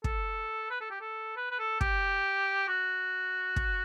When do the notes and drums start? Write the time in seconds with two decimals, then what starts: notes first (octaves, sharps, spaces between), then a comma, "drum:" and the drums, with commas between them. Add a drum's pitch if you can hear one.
0.04 A4, drum: kick
0.71 B4
0.81 A4
0.91 G4
1.01 A4
1.36 B4
1.51 B4
1.59 A4
1.81 G4, drum: kick
2.68 F#4
3.56 drum: kick